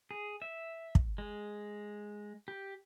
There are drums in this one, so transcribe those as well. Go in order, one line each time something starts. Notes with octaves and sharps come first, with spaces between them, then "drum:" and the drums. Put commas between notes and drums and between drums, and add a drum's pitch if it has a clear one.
G#4
E5
drum: kick
G#3
G4